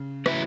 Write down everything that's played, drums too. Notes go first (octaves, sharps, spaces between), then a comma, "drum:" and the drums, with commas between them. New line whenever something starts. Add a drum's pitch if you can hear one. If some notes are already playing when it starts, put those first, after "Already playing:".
Already playing: C#3
F#3 A3 E4 B4 E5, drum: rim click